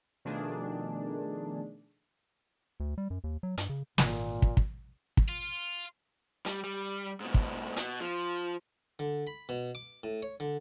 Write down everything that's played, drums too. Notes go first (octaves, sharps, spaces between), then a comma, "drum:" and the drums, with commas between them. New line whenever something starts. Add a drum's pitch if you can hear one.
B2 D#3 F3 A3 D4 G#4
D2
G3
F#2
D#2
F#3
G2, drum: hi-hat
C#3
G#1 A#2, drum: snare
drum: kick
drum: kick
drum: kick
F4
G3, drum: hi-hat
G3
G#2 B2
drum: kick
B2, drum: hi-hat
F3
D3
B5
B2
D6
A2
C#5
D3